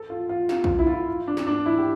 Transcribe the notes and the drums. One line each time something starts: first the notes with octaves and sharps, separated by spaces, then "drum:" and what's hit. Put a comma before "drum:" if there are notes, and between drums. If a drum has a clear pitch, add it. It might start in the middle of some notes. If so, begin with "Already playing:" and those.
Already playing: A4
F4
F4
F4, drum: snare
F4, drum: kick
E4
F4
E4
D4
drum: snare
D4
E4
G4